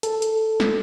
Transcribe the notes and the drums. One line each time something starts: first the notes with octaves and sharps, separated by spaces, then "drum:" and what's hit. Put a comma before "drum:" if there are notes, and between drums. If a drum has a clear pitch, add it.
A4, drum: hi-hat
drum: hi-hat
drum: snare